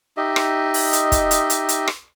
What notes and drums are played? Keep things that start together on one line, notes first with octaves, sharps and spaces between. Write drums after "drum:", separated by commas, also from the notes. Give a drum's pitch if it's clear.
D#4 G4 D#5 E5
drum: rim click
drum: open hi-hat
drum: hi-hat
drum: kick, hi-hat
drum: hi-hat
drum: hi-hat
drum: hi-hat
drum: rim click